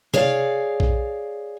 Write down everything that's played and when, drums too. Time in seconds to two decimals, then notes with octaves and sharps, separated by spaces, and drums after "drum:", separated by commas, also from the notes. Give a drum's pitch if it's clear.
0.14 G#4 C#5 D5 F5, drum: tom C3
0.80 drum: kick A#1